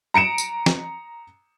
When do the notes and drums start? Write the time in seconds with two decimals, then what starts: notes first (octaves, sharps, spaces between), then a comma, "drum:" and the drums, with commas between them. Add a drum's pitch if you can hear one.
0.14 A#5 C#7 D7 E7
0.38 drum: tambourine
0.66 drum: snare